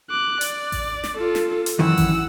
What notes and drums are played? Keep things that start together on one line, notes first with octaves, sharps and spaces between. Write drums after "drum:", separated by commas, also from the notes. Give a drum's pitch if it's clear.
D6 F#6
D5, drum: hi-hat
drum: kick A1, open hi-hat
drum: snare
F4 A4
drum: snare
drum: hi-hat
F#2 D#3 E3 F#5 E6
drum: kick A1, open hi-hat